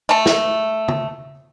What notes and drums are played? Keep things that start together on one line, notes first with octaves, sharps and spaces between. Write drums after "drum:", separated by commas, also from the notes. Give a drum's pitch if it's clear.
A3 A5
drum: snare
drum: tom C#3